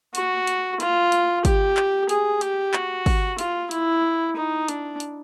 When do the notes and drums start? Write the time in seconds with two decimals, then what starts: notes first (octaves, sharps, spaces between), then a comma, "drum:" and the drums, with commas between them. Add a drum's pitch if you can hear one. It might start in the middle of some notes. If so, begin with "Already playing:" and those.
0.15 F#4, drum: hi-hat
0.47 drum: hi-hat
0.80 F4, drum: hi-hat
1.12 drum: hi-hat
1.45 G4, drum: kick, hi-hat
1.77 drum: clap
2.09 G#4, drum: hi-hat
2.41 G4, drum: hi-hat
2.74 F#4, drum: clap
3.06 drum: kick, open hi-hat
3.38 F4, drum: hi-hat
3.71 E4, drum: hi-hat
4.36 D#4
4.68 D4, drum: hi-hat
5.00 drum: hi-hat